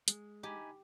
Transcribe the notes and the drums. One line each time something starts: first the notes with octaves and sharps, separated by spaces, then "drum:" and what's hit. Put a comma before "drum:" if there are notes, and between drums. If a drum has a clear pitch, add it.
G#3, drum: hi-hat
D#4 G4 G#5 B5